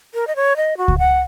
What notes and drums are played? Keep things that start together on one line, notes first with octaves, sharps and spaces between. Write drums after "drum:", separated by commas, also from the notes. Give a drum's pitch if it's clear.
A#4
D#5
C#5
D#5
F#4
drum: kick C#2
F#5